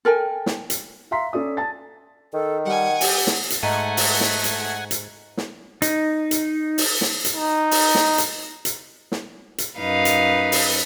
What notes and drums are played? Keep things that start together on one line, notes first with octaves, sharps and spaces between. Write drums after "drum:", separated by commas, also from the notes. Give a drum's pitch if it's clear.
A4 A#4 G5 G#5
drum: snare
drum: hi-hat
E5 F5 A#5 C6 B6
C#4 A4 D5 D#6
A5 A6
D#3 A4
G3 F#5 G#5
G4, drum: open hi-hat
drum: snare
drum: hi-hat
G#2 A3 D#5 F#5 G#5 A#5 D#7
drum: open hi-hat
drum: snare
drum: hi-hat
drum: hi-hat
drum: snare
D#4, drum: hi-hat
drum: hi-hat
drum: open hi-hat
drum: snare
drum: hi-hat
D#4
drum: open hi-hat
drum: snare
drum: hi-hat
drum: hi-hat
drum: snare
drum: hi-hat
F#2 D#4 B4 F5
drum: hi-hat
drum: open hi-hat